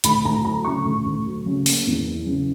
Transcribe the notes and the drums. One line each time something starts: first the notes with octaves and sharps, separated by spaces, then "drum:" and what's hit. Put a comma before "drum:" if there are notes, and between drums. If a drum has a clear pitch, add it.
D2 B5, drum: hi-hat
D2 A#5
F#3 A#5
C#3 C#6
D2
D2
F#3
C#3
A#3, drum: open hi-hat
E2
E3
C#3